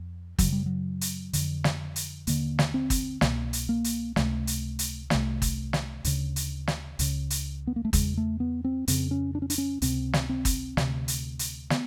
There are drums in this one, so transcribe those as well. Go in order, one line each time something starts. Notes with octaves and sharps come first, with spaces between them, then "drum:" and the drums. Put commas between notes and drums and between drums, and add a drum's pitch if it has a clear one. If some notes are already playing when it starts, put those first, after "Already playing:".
Already playing: F2
F#2 C#3 F#3, drum: kick, hi-hat
G3
F#3
drum: hi-hat
F2 D3, drum: hi-hat
drum: snare
drum: hi-hat
D#2 D3 A#3, drum: hi-hat
drum: snare
C4
drum: kick, hi-hat
C2 B2 A#3, drum: snare
drum: hi-hat
A#3
drum: hi-hat
C#2 C3 A3, drum: snare
drum: hi-hat
drum: hi-hat
C2 C3 A3, drum: snare
drum: kick, hi-hat
drum: snare
D2 C#3, drum: hi-hat
drum: hi-hat
drum: snare
C#2 C#3, drum: hi-hat
drum: hi-hat
B3
A#3
A3
E2 C#3 G#3, drum: kick, hi-hat
A3
B3
C4
F2 C#3 C4, drum: hi-hat
C#4
D4
C#4
D4, drum: hi-hat
C#4
C#2 C3 C4, drum: hi-hat
drum: snare
C4
drum: kick, hi-hat
D2 C3, drum: snare
drum: hi-hat
drum: hi-hat
B3, drum: snare